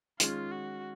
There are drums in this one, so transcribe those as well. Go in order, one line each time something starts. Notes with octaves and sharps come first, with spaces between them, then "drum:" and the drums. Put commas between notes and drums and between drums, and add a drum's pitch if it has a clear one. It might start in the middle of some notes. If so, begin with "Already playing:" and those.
D#3 G#3 C#4 F4, drum: hi-hat
F#4